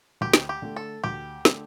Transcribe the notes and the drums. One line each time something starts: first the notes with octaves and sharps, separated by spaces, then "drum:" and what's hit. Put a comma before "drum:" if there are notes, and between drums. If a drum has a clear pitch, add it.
D2 G4
drum: snare
G4
D3 A3
A4
D2 G4
D3 A3, drum: snare